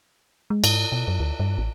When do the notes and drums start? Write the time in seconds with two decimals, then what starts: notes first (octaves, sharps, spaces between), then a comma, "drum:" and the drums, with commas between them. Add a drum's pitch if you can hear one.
0.50 G#3
0.64 G#2, drum: cymbal
0.92 B2
1.08 F#2
1.20 D2
1.40 G2
1.58 A1